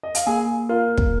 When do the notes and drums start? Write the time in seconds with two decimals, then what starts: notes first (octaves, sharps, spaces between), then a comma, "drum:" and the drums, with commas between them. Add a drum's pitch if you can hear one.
0.03 D#5
0.15 F5, drum: hi-hat
0.27 A#3 G#4 G#5
0.69 F4 A#4 F5
0.98 drum: kick